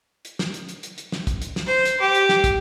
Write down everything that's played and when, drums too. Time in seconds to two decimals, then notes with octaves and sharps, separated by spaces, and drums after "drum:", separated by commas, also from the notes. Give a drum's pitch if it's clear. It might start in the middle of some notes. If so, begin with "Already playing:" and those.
0.25 drum: hi-hat
0.39 drum: snare
0.54 drum: hi-hat
0.69 drum: hi-hat
0.83 drum: hi-hat
0.98 drum: hi-hat
1.12 drum: snare
1.27 drum: kick, hi-hat
1.42 drum: hi-hat
1.56 drum: snare
1.66 C5
1.85 drum: hi-hat
2.00 G4
2.15 drum: hi-hat
2.29 drum: snare
2.44 drum: kick, hi-hat